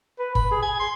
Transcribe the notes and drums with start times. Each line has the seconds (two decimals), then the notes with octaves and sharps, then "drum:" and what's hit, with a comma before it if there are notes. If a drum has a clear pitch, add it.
0.19 B4
0.35 B5, drum: kick G1
0.51 G#4
0.62 G#5
0.79 C6